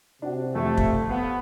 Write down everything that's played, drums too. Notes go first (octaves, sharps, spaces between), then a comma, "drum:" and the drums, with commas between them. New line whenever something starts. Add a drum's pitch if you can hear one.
C3 D4 F#4
F2 F3 A3
drum: kick
B3 F5